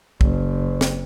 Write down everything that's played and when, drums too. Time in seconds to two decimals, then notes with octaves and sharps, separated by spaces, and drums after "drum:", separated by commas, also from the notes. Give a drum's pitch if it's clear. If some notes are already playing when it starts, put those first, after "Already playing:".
0.21 F#1, drum: kick
0.81 drum: snare